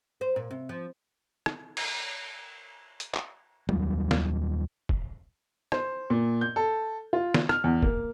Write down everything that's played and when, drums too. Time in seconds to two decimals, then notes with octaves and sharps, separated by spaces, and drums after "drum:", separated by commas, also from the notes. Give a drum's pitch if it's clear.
0.21 C5
0.36 A#2
0.51 C3
0.69 F3
1.46 drum: rim click
1.77 drum: cymbal
3.00 drum: hi-hat
3.14 drum: clap
3.69 D#2 F#3 G3, drum: tom
4.11 drum: snare
4.89 drum: kick
5.72 C5, drum: rim click
6.10 A#2
6.41 G6
6.56 A4
7.13 F4
7.34 drum: snare
7.49 F6, drum: rim click
7.64 E2
7.82 A#3, drum: kick